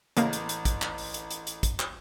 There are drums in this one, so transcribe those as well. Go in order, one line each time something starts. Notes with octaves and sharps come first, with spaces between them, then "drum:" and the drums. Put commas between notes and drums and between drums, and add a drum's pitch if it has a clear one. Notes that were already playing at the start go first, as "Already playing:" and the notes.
A1 C#3 A#3, drum: hi-hat
drum: hi-hat
drum: hi-hat
drum: kick, hi-hat
drum: clap
drum: open hi-hat
drum: hi-hat
drum: hi-hat
drum: hi-hat
drum: kick, hi-hat
drum: clap